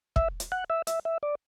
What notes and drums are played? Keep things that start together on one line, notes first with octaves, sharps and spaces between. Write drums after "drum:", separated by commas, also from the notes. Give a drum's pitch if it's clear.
E5, drum: kick
drum: hi-hat
F#5
E5
E5, drum: hi-hat
E5
D5